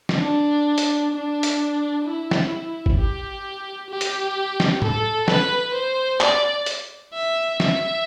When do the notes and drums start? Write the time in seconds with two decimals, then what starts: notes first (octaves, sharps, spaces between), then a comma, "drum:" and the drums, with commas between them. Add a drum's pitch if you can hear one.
0.09 drum: snare
0.19 D4
0.78 drum: hi-hat
1.12 D4
1.43 drum: hi-hat
2.05 E4
2.31 drum: snare
2.86 drum: kick
2.97 G4
3.90 G4
4.01 drum: hi-hat
4.60 drum: snare
4.82 A4, drum: tom A2
5.28 B4, drum: snare
5.74 C5
6.21 D5, drum: clap
6.66 drum: hi-hat
7.14 E5
7.60 E5, drum: snare